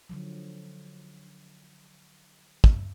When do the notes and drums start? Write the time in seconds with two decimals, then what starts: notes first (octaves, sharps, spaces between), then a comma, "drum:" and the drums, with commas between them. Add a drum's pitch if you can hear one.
0.09 D3 F3 F#3
2.64 drum: kick